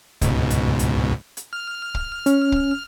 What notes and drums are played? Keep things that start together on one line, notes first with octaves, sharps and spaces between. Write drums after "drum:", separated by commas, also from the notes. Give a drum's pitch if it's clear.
C#2 G#2 B2, drum: kick, hi-hat
drum: hi-hat
drum: hi-hat
drum: hi-hat
F6
drum: kick
C#4, drum: hi-hat
drum: kick